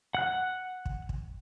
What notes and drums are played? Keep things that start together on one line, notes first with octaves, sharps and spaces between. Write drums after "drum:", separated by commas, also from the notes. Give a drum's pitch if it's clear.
F#5 F#6
drum: kick
drum: kick